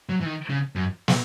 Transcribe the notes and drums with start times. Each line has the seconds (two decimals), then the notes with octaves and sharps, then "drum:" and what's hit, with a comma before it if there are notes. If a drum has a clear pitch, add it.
0.09 F#3
0.21 E3
0.26 D#3
0.50 C#3
0.75 F#2
1.08 drum: snare